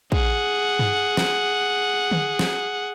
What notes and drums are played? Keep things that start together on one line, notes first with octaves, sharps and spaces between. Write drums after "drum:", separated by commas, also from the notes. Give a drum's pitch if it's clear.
G#4 F#5, drum: kick
drum: tom G2
drum: snare
drum: tom D3
drum: snare